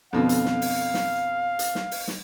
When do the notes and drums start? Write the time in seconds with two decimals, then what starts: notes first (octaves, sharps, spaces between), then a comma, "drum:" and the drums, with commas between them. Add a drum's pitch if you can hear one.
0.13 F2 B2 D3 F5
0.29 drum: hi-hat
0.45 drum: snare
0.62 drum: open hi-hat
0.94 drum: snare
1.59 drum: hi-hat
1.75 drum: snare
1.91 drum: open hi-hat
2.08 drum: snare